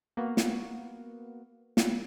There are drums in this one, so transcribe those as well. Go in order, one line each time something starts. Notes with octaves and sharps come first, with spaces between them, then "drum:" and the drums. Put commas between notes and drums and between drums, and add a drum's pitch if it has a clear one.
A#3 B3 F#4
drum: snare
drum: snare